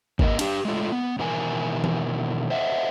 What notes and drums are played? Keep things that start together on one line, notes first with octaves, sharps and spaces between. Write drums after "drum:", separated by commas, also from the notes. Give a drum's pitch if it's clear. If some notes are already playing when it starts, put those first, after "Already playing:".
G#2 A#3 A#4 D#5, drum: kick G#1
D4 G4, drum: cymbal
G#3 A3 F4
B3
B2 D#3 E3 A#4 G#5
drum: tom
C5 D#5 E5 F#5